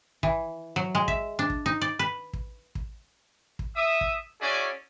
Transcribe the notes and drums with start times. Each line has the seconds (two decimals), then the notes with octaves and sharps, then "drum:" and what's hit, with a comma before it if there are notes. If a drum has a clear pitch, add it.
0.23 E3, drum: kick
0.76 F#3
0.95 G#3
1.08 E5, drum: kick
1.39 D4
1.50 drum: kick
1.66 D#4
1.81 D5
1.99 B4
2.33 drum: kick
2.75 drum: kick
3.59 drum: kick
3.75 E5 D#6
4.01 drum: kick
4.40 C#4 E4 F#4 G#4 D5